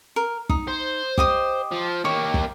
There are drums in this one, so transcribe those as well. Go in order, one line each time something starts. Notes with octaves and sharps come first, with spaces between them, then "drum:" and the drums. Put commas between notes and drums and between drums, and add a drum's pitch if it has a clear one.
A#4
D#4, drum: kick
C5
G4 D#5 D#6, drum: kick
F3
A#3 G4 C#5
drum: kick